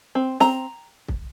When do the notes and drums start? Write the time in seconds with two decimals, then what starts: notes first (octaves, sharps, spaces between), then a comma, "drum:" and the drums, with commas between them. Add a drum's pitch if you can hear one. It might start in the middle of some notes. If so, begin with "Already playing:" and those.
0.15 C4
0.40 C4 A#5, drum: snare
1.08 drum: kick